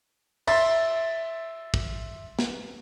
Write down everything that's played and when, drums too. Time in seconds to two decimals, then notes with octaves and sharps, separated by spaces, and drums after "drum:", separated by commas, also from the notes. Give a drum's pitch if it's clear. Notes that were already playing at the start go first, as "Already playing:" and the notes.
0.47 E5 C6 A6, drum: cymbal
1.74 drum: kick
2.39 drum: snare